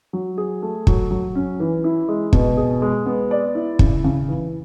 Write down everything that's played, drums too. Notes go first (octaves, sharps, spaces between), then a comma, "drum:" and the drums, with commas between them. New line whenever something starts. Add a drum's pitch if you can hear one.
F#3
G#4
A3
F#3, drum: kick
F#3
C#4
E3
E4
G#3
B2, drum: kick
G#4
G#3
B3
D5
E4
C#3, drum: kick
C#3
E3